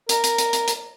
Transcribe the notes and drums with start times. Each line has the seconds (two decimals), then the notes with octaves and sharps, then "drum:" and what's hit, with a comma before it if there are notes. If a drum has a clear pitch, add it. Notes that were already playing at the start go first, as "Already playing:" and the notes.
0.09 A#4, drum: hi-hat
0.24 drum: hi-hat
0.38 drum: hi-hat
0.53 drum: hi-hat
0.68 drum: hi-hat